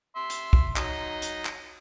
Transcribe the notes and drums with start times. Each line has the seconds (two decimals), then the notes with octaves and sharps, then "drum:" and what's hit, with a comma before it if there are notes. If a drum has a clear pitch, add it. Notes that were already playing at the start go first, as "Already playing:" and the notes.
0.16 E5 C6
0.30 drum: hi-hat
0.53 drum: kick
0.76 F#3 D#4 D#5, drum: clap
1.22 drum: hi-hat
1.45 drum: clap